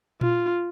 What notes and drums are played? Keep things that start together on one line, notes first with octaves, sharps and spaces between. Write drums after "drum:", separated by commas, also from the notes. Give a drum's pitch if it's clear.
F4, drum: tom A#2